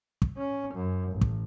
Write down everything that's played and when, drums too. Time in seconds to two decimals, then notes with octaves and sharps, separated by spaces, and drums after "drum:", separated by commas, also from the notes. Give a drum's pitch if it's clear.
0.22 drum: kick
0.38 C#4
0.74 F#2
1.12 A1
1.21 drum: kick